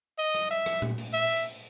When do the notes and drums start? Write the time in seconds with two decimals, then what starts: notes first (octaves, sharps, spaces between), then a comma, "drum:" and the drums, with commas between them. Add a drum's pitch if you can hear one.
0.19 D#5
0.34 drum: rim click
0.51 E5
0.66 drum: rim click
0.82 drum: tom A#2
0.98 drum: open hi-hat
1.14 E5
1.30 drum: open hi-hat